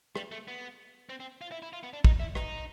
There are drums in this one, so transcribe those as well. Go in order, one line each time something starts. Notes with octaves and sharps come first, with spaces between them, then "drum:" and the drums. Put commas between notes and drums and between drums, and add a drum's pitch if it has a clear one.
G3, drum: rim click
A3
B3
C4
C4
F4
E4
E4
F4
B3
D4
D#4, drum: kick
E4
D#4, drum: rim click